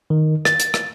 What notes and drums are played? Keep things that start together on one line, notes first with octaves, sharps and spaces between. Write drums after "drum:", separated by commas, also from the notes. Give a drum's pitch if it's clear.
D#3
A6, drum: rim click
drum: hi-hat
drum: rim click